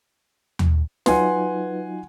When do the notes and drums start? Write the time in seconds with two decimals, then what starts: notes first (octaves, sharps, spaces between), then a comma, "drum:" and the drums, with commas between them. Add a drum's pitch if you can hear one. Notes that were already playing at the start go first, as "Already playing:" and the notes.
0.59 drum: tom D#2
1.06 F#3 D#4 F4 B4 F#5 G#5 C6, drum: snare